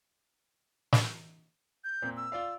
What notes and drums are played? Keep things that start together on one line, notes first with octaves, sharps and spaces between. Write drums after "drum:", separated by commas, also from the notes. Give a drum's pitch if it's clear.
drum: snare
G6
A#2 C4
E6
F4 D5 F5